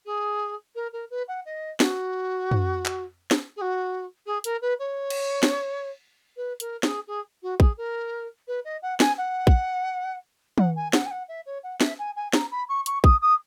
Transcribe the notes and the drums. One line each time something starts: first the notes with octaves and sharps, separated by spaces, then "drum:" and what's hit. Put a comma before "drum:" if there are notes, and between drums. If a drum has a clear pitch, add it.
G#4
A#4
A#4
B4
F#5
D#5
F#4, drum: snare
drum: tom
drum: clap
drum: snare
G#4
F#4
G#4
A#4, drum: hi-hat
B4
C#5
drum: cymbal
drum: snare
B4
A#4, drum: hi-hat
G#4, drum: snare
G#4
F#4
G#4, drum: kick
A#4
B4
D#5
F#5
G#5, drum: snare
F#5
drum: kick
F#5, drum: tom
G#5
F#5, drum: snare
G#5
F#5
E5
C#5
F#5
E5, drum: snare
G#5
G#5
A#5, drum: snare
B5
C#6
C#6, drum: hi-hat
D#6, drum: kick
D#6